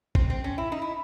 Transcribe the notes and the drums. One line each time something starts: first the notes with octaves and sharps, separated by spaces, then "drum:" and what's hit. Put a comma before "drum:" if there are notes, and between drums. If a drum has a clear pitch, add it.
C4, drum: kick
C4
C#4
E4
D#4
E4